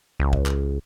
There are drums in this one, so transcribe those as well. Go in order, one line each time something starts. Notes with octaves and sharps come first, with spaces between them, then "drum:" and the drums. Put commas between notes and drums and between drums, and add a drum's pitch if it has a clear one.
C#2
drum: kick
drum: clap